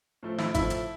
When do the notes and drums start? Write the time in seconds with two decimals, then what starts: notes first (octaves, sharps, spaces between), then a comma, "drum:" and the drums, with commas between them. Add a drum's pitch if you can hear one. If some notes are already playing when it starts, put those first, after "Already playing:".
0.23 A2 F3 A3
0.38 E4, drum: snare
0.54 A2 F3 A3 E4, drum: kick G#1, hi-hat
0.70 drum: hi-hat